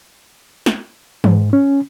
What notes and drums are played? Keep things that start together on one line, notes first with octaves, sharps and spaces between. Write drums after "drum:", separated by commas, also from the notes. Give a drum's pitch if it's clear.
drum: snare
G#2, drum: tom
C#4